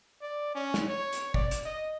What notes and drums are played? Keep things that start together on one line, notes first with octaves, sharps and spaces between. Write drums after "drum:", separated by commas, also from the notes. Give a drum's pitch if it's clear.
D5
C#4
drum: snare
C#5
drum: hi-hat
D5, drum: kick
drum: hi-hat
D#5